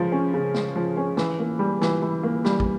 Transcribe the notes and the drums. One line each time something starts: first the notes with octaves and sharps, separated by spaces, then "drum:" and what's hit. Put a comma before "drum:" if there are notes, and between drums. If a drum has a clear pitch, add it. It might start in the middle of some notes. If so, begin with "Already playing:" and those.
Already playing: C#3 F3 G#3
C#4
C#3
G#3, drum: snare
F3
C#4
E3, drum: snare
A#3
G3
E3, drum: snare
E3
A#3
G3, drum: snare
drum: kick